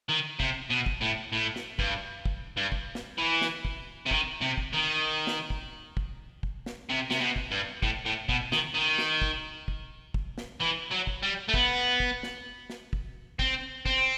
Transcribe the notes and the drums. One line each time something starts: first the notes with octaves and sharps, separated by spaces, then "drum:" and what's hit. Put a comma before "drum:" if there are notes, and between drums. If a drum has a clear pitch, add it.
D#3
C3, drum: kick
B2
drum: kick
A2
A2
drum: snare
G2, drum: kick
drum: kick
G2
drum: kick
drum: snare
E3
drum: snare
drum: kick
C3
D#3, drum: kick
C3
drum: kick
D#3
drum: snare
drum: kick
drum: kick
drum: kick
drum: snare
C3
C3, drum: snare
B2
drum: kick
G2
A2, drum: kick
A2
B2, drum: kick
D#3, drum: snare
D#3
drum: snare
drum: kick
drum: kick
drum: kick
drum: snare
E3
F#3
drum: kick
G3
A3
B3, drum: kick
drum: kick
drum: snare
drum: snare
drum: kick
C4, drum: kick
C4, drum: kick